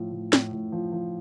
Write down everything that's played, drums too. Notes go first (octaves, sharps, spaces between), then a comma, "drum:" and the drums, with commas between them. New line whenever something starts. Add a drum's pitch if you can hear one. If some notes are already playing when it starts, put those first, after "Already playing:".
Already playing: A2 F3
A2
A2, drum: snare
A2
F3
F3